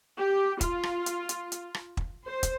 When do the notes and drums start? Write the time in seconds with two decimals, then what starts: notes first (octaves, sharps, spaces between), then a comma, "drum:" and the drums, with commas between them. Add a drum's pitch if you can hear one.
0.17 G4
0.61 F4, drum: kick, hi-hat
0.83 drum: rim click
1.06 drum: hi-hat
1.29 drum: hi-hat
1.52 drum: hi-hat
1.74 drum: rim click
1.97 drum: kick
2.25 C5
2.43 drum: kick, hi-hat